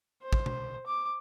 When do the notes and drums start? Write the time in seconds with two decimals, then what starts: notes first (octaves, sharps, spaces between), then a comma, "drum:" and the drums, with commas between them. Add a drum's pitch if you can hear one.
0.23 C5
0.33 drum: kick
0.46 drum: tom B2
0.87 D6